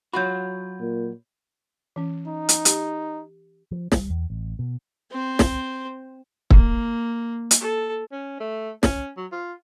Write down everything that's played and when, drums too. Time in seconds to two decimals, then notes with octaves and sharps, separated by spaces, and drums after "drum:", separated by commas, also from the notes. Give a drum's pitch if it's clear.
0.13 F#3 F4 F#4 B5 G6
0.80 A#2
1.96 E3 C#4
2.28 D#4
2.49 drum: hi-hat
2.65 G4, drum: hi-hat
3.71 F3
3.92 G3, drum: snare
4.10 E2
4.30 A1
4.59 B2
5.11 C4 C5
5.39 drum: snare
6.50 A#3, drum: kick
7.51 drum: hi-hat
7.60 A4
8.12 C#4
8.40 A3
8.83 C#4, drum: snare
9.17 F#3
9.32 F4